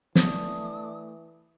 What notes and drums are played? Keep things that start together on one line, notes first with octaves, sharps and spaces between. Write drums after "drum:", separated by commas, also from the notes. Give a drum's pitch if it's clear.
E3 A3 D4 D#6, drum: snare